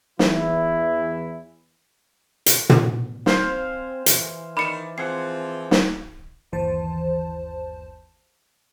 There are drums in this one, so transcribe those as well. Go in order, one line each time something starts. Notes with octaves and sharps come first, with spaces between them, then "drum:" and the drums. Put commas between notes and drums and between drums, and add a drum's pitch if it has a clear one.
E2 E3 E4, drum: snare
drum: hi-hat
drum: tom
C4 C5 F5 G#5, drum: snare
E3, drum: hi-hat
D#3 D#4 D5 B5 C#7 E7
F3 G#3 C4 F#5 G#5 C7
drum: snare
G1 D#2 E3 C5 A5